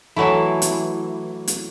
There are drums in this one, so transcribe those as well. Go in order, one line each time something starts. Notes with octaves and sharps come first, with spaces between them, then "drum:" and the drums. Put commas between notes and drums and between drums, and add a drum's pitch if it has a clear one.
E3 F#3 A3 E4
drum: hi-hat
drum: hi-hat